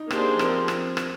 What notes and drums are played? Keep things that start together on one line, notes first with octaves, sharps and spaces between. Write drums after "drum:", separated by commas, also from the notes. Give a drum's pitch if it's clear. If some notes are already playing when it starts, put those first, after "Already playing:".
Already playing: D#4
A#3 D4 G4 G#4 C5, drum: rim click
F3 C4 A#4, drum: rim click
drum: rim click
drum: rim click